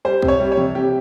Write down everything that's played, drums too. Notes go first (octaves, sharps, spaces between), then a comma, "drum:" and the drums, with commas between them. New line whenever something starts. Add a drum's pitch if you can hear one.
G3 C5
C3, drum: kick B1
C#5
G3
C#5
C3, drum: tom E3
C3 G4